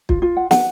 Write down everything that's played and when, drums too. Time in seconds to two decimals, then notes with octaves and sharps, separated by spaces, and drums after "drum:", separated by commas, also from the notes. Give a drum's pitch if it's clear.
0.09 F4, drum: kick
0.22 F4
0.37 F#5
0.51 F#5, drum: snare